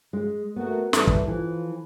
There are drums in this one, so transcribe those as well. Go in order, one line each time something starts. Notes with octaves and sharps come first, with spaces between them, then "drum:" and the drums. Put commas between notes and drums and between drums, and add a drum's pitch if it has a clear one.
G#3
A3 B3 F#4 A#4
E3 G3 A4, drum: snare
drum: kick
E3 F3